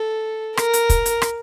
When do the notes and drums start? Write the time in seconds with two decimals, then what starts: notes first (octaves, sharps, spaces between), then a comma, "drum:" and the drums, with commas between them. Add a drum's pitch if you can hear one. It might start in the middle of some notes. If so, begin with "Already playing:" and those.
Already playing: A4
0.57 A#4, drum: rim click
0.73 drum: hi-hat
0.90 drum: kick, hi-hat
1.06 drum: hi-hat
1.22 drum: rim click